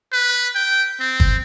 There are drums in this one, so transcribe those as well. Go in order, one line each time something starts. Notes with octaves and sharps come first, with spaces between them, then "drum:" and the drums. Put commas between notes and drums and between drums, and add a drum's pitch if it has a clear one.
B4
G5
C4
drum: kick